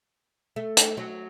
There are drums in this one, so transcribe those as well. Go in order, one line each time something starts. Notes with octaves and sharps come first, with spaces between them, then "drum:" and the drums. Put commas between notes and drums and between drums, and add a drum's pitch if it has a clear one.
A3
drum: hi-hat
F#3